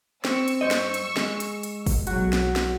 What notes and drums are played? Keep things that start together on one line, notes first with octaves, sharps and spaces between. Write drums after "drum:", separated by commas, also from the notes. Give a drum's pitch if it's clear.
C4 C#6 E6, drum: snare
drum: hi-hat
G2 C5 D#5
drum: snare
drum: hi-hat
G#3, drum: snare
drum: hi-hat
drum: hi-hat
drum: kick, open hi-hat
B1 F#3 F#4, drum: hi-hat
drum: snare
drum: snare